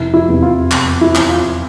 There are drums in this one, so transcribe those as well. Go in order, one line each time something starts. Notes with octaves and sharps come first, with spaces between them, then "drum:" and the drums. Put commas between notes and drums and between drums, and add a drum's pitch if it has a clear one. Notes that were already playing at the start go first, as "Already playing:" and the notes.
Already playing: F1 E4
E4
E2 C3
F4
F1, drum: clap
E4
E2 C3, drum: clap
F4